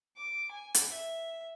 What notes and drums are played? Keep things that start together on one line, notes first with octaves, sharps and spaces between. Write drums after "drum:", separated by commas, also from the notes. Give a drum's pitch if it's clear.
D6
G#5
drum: hi-hat
E5